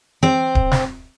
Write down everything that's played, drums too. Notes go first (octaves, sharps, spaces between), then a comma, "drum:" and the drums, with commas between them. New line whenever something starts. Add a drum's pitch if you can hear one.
C4 C5
drum: kick D1
drum: snare